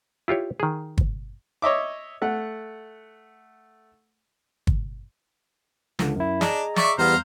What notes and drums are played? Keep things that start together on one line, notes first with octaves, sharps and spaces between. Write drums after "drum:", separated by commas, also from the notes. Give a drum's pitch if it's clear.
E4 F4 G4 C#5
D#3 G#4
drum: kick G1
C#5 D#5 E5 D6
A3 F#5
drum: kick G1
C#2 D3, drum: snare
F#2 E4
D4 G#4 D#5 A#5, drum: snare
D5 E5 C#6, drum: snare
E2 G3 B3 C5 F5 A#5